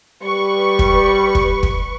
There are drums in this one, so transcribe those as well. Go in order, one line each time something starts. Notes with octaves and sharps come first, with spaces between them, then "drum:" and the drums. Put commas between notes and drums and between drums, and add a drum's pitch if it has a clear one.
G3 B4 C#6
drum: kick
drum: kick
drum: kick